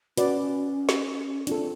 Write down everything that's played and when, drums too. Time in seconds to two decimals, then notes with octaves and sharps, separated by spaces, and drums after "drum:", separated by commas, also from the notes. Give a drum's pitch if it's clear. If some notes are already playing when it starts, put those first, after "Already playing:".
0.17 C#4 F#4 B4 D5, drum: hi-hat
0.89 drum: snare
1.47 C4 D4 F4 A4, drum: hi-hat